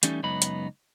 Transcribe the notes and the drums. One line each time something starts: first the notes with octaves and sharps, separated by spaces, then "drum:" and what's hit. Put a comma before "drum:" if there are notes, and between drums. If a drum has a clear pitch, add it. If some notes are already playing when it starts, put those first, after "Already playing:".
E3 G3 A3 C#4 D#4, drum: hi-hat
C#2 F#2 B3 D#4 B5
drum: hi-hat